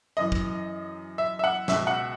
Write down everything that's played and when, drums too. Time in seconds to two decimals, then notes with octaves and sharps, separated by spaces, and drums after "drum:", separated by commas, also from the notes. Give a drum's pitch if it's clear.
0.17 F#2 E3 D#5
0.32 drum: kick
1.18 E5
1.39 E5
1.44 F#5
1.68 C#2 B2 E5, drum: snare
1.87 F#5